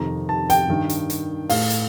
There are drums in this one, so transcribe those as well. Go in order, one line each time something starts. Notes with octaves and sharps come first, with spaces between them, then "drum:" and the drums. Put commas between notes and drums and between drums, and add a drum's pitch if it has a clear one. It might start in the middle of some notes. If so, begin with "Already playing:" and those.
Already playing: F2 C3 D#3 A#5
A5
G5, drum: hi-hat
G2 D#3
drum: hi-hat
drum: hi-hat
A2 F5, drum: open hi-hat
drum: hi-hat